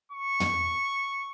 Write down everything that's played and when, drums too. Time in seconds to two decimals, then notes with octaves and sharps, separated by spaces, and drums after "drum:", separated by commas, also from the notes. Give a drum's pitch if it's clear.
0.12 C#6
0.40 drum: tom